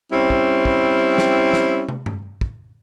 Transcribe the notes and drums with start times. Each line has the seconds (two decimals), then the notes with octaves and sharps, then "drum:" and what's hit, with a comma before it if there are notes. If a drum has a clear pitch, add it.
0.13 G3 C4 C#4 E4
0.30 drum: kick
0.65 drum: kick
1.18 drum: snare
1.53 drum: snare
1.89 drum: tom
2.06 drum: tom G2
2.41 drum: kick